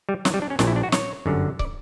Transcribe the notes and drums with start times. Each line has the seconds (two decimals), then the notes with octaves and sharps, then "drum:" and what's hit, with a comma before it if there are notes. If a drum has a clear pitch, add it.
0.09 G3
0.25 F#3, drum: snare
0.34 G3
0.42 D4
0.50 C#4
0.59 A#1 A#2 D4, drum: snare
0.67 E4
0.76 D4
0.83 F#4
0.92 C#5, drum: snare
1.26 G1 F#2 D3
1.59 D5, drum: kick